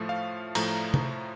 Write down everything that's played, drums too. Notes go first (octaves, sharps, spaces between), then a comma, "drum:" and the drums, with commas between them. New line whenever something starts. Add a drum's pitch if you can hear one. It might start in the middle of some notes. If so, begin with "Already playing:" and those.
Already playing: A2 F3 A3
F5
A2 F3 A3 A#5, drum: cymbal
drum: tom C3